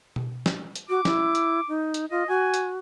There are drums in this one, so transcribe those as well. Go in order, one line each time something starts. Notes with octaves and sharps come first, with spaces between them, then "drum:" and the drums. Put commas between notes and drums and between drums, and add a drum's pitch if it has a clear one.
drum: tom B2
drum: snare
drum: hi-hat
F#4 D6
E4, drum: snare
drum: hi-hat
D#4
drum: hi-hat
F4 D#5
F#4 G#5
drum: hi-hat